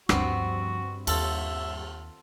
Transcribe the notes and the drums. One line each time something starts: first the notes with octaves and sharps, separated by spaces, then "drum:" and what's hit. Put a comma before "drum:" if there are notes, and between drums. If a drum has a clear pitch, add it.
D2 G2 F3 B3 C4 F#4, drum: rim click
D#2 F4 A4 E5, drum: cymbal